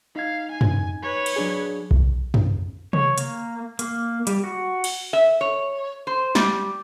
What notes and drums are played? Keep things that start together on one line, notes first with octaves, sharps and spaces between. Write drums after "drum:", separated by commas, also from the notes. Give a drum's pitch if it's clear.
D#4 F5 G#6
G#5
drum: tom
B4 C#5
drum: cymbal
F#3 D4 G#4
drum: kick B1
drum: tom
C#5, drum: tom C3
A#3, drum: hi-hat
A#3, drum: hi-hat
G3, drum: hi-hat
F#4
drum: cymbal
E5
C#5
C5
G3, drum: snare